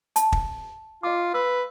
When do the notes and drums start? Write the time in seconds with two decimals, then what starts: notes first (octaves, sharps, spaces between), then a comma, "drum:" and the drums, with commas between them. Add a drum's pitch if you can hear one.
0.16 A5, drum: hi-hat
0.32 drum: kick
1.03 F4 D#5 D6
1.34 B4 E6